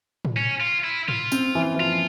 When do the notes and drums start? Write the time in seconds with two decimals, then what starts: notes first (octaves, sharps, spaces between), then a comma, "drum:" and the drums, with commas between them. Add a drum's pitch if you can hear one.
0.25 drum: tom A2
0.37 C#4
0.60 F4
0.84 E4
1.09 F4, drum: tom G#2
1.32 C4, drum: tambourine
1.55 E3
1.75 E3
1.80 F3 F4